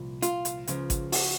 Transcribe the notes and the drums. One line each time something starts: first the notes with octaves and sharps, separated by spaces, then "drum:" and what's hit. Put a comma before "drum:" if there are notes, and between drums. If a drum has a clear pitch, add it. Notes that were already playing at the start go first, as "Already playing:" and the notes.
Already playing: C2 A#2 F3
F4, drum: hi-hat
drum: hi-hat
C#2 C#3 F3, drum: hi-hat
drum: kick G#1, hi-hat
F#4, drum: open hi-hat